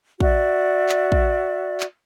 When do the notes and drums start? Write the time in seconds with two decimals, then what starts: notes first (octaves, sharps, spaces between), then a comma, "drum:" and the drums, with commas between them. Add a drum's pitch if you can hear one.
0.20 F#4 D5 E5, drum: kick
0.89 drum: clap
1.12 drum: kick
1.80 drum: clap